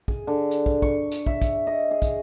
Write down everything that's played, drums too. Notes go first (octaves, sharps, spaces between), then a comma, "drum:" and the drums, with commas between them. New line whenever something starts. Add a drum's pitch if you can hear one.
G#4, drum: kick
D3
drum: hi-hat
drum: kick
C#6, drum: kick
drum: hi-hat
E5, drum: kick
drum: kick, hi-hat
D#5
G#4
drum: kick, hi-hat